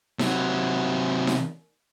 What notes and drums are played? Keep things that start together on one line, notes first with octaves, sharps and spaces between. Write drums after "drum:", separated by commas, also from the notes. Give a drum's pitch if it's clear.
C3 F#3, drum: snare D#4
drum: snare D#4